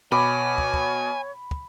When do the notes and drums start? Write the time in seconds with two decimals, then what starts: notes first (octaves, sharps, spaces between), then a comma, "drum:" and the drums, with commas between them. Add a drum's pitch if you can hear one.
0.12 B2 C#5 G#5 B5 D6
0.58 drum: kick
0.74 drum: kick
1.51 drum: kick